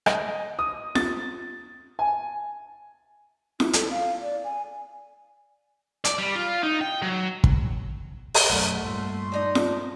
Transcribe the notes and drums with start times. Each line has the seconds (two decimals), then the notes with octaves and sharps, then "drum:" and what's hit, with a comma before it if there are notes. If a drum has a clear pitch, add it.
0.06 D#5, drum: rim click
0.59 D#6
0.95 A6, drum: snare
1.99 G#5
3.60 E4, drum: snare
3.73 A4, drum: hi-hat
3.90 F5
4.22 D5
4.44 G#5
6.05 D5, drum: hi-hat
6.19 G3
6.36 F4
6.63 D#4
6.81 G5
7.02 F#3
7.44 drum: kick
8.34 drum: open hi-hat
8.50 B1 F#2 A3 F#5
8.85 G2 A#2 C6
9.32 D4 D#4 D#5
9.55 drum: snare